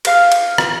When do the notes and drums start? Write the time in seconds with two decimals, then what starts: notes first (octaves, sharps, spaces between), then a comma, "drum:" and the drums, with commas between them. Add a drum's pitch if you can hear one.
0.05 B4 F5 F6, drum: cymbal
0.32 drum: cymbal
0.58 drum: rim click